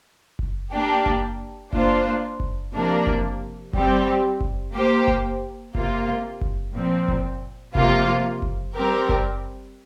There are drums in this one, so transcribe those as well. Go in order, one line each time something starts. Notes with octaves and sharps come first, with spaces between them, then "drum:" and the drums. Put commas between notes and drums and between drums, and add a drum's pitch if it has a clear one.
drum: kick F#1
A#3 D4 G4
drum: kick F#1
A#3 D4 F4 C5, drum: kick F#1
drum: kick F#1
C3 F3 A#3 D4 A#4
drum: kick F#1
G3 C4 G4, drum: kick F#1
drum: kick F#1
A#3 G4 C5
drum: kick F#1
C3 A#3 F4, drum: kick F#1
drum: kick F#1
A#2 F3 C4
drum: kick F#1
C3 F3 A#3 F4, drum: kick F#1
drum: kick F#1
G3 C4 G4 A#4
drum: kick F#1